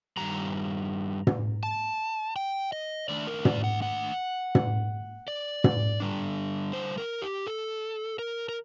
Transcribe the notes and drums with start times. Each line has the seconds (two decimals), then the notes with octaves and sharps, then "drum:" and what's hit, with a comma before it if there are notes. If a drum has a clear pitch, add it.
0.17 G2 D#3 G3 A#5
1.27 drum: tom
1.63 A5
2.36 G5
2.73 D#5
3.09 D#3 A3 D4 D5
3.27 A#4
3.45 D5, drum: tom
3.64 F#5
3.82 F#5
4.55 drum: tom
5.28 D5
5.64 drum: tom
6.00 D3 G3 D4
6.73 C5
6.98 A#4
7.22 G4
7.47 A4
8.19 A#4
8.49 A#4